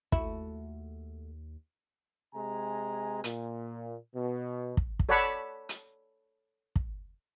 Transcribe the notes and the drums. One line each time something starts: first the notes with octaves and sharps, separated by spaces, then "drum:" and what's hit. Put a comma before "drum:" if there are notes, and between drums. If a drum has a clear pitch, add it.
D#2 A3 E4 F#4, drum: kick
C3 G#3 G#5 A#5
A#2, drum: hi-hat
B2
drum: kick
drum: kick
A4 C#5 D5 F#5 A5 B5
drum: hi-hat
drum: kick